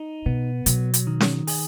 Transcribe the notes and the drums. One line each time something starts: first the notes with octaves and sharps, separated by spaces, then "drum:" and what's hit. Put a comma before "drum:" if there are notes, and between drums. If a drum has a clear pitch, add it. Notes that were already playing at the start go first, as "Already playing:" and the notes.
Already playing: D#4
B2 B3
B2 F#3, drum: hi-hat
drum: hi-hat
D#3
drum: snare C#4
G#4, drum: open hi-hat